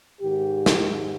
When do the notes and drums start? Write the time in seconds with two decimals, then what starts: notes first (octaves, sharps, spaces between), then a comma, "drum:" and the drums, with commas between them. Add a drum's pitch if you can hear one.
0.21 G#2 D#3 G4
0.66 drum: snare